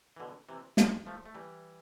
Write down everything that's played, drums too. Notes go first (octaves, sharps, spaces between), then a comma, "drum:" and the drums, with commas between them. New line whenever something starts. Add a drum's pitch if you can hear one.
E3
B2 D3
C3 E3
D3 F3, drum: snare
F3 A3
A3
E3 G3